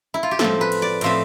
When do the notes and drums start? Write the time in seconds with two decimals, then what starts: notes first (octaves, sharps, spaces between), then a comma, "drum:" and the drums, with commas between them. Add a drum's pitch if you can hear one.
0.14 E4
0.23 F4
0.31 G4
0.39 A2 F3 C4 A4, drum: snare
0.61 B4
0.72 drum: cymbal
0.82 D5
1.01 A2 F3 C4 E5, drum: cymbal